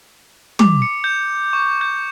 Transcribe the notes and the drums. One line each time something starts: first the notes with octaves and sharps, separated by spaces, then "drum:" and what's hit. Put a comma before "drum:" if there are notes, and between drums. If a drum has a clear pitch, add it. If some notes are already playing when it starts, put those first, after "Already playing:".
D6, drum: tom
C#7
G6
C#6
G6